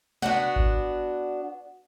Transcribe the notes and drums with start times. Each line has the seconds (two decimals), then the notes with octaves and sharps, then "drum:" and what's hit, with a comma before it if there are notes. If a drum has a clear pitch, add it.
0.22 B3 D4 F#4, drum: snare
0.56 drum: kick G#1